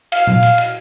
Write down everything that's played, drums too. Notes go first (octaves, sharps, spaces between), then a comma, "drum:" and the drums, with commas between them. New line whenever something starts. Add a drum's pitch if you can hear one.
F5, drum: cymbal
drum: tom A#2
drum: cymbal
drum: cymbal